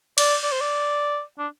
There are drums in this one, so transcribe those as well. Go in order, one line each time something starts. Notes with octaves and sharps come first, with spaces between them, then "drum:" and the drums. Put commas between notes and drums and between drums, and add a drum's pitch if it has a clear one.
D5, drum: cymbal
D5
C5
D5
D4